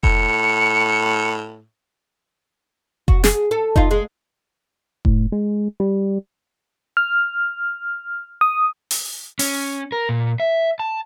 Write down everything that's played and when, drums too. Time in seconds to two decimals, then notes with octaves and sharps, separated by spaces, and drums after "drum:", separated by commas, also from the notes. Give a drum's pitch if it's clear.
0.03 A2 C#7, drum: kick F1
3.08 F#4, drum: kick F1
3.24 G#4, drum: snare
3.51 A4
3.76 D#4 F4, drum: kick F1
3.91 G#3
5.05 A2, drum: kick F1
5.32 G#3
5.80 G3
6.97 F6
8.41 D#6
8.91 drum: open hi-hat
9.39 C#4, drum: open hi-hat
9.92 A#4
10.09 A#2
10.40 E5
10.79 A5